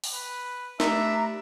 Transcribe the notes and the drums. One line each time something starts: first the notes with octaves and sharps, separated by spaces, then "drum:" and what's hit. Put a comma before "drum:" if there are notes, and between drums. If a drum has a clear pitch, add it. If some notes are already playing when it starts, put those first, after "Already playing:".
drum: open hi-hat
B4
A3 D4 G4 E5 A#5 B5, drum: snare